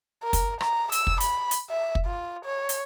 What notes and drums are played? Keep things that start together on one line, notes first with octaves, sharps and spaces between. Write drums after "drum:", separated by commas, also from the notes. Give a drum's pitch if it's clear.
A#4
drum: kick, hi-hat
A#5, drum: rim click
E6, drum: hi-hat
drum: kick
B5, drum: hi-hat
drum: hi-hat
E5
drum: kick
F4
C#5
drum: hi-hat